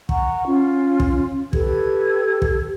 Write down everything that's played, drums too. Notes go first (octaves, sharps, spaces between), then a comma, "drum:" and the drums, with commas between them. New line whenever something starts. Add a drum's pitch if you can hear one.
F#5 A#5 C#6, drum: kick
C#4 F4
drum: kick
G4 A4 B4 G#6, drum: kick
drum: kick